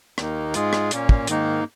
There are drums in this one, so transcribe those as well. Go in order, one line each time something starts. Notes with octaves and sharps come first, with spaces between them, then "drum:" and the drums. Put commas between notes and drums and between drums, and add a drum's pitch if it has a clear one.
D#2 D#3 A#3 D#4, drum: rim click
G#2 G#3 F4 G#4, drum: hi-hat
drum: rim click
A#2 A#3 C#4, drum: hi-hat
drum: kick
G#2 D#3 A#3 D#4, drum: hi-hat